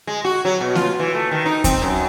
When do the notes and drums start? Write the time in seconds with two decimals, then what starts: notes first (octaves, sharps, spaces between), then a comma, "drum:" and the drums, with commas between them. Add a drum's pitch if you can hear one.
0.07 G#3
0.25 F#4
0.45 F#3
0.61 B2
0.75 F4, drum: snare A#3
1.00 E3
1.15 A3
1.31 D#3
1.45 D#4
1.64 C4, drum: kick D#2, hi-hat
1.82 F#2